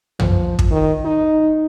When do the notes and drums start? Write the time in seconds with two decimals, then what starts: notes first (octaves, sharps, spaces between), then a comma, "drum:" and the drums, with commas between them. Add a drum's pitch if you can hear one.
0.19 F3, drum: tom
0.59 drum: kick
0.71 D#3
1.05 D#4